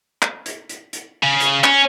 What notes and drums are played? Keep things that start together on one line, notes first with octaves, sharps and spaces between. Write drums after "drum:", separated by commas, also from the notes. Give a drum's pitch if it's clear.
drum: clap
drum: hi-hat
drum: hi-hat
drum: hi-hat
C#3
drum: hi-hat
C#4, drum: clap